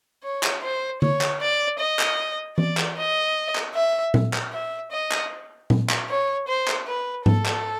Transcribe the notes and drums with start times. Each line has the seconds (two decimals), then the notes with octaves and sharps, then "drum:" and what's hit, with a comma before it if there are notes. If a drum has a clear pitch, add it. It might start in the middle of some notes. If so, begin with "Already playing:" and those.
0.24 C#5
0.43 drum: clap
0.63 C5
1.02 C#5, drum: tom D3
1.21 drum: clap
1.41 D5
1.80 D#5
1.99 drum: clap
2.58 D5, drum: tom E3
2.77 drum: clap
2.97 D#5
3.55 drum: clap
3.75 E5
4.14 drum: tom A#2
4.33 drum: clap
4.53 E5
4.92 D#5
5.12 drum: clap
5.70 drum: tom A#2
5.90 drum: clap
6.09 C#5
6.48 C5
6.68 drum: clap
6.87 B4
7.26 A4, drum: tom G#2
7.46 drum: clap